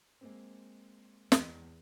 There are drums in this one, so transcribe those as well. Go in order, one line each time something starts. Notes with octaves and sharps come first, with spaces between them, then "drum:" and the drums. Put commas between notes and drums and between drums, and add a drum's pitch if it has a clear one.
G#3 A#3 C4
E2, drum: snare